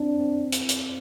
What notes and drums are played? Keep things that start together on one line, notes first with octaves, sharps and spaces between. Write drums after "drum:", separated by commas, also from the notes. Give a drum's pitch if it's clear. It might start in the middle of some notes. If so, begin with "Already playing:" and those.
Already playing: C4 D4
C4
drum: hi-hat
drum: hi-hat